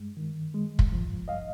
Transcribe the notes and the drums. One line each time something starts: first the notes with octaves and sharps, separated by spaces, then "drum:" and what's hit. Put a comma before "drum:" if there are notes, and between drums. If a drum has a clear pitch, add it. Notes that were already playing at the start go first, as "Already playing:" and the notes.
Already playing: G2 G#3
D#3
G#3
drum: kick
F3
G2 D#5 F5